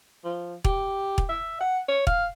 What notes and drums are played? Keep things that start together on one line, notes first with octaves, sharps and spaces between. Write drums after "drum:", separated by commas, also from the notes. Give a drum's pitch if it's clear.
F3
G4, drum: kick
drum: kick
E5
F#5
C#5
F5, drum: kick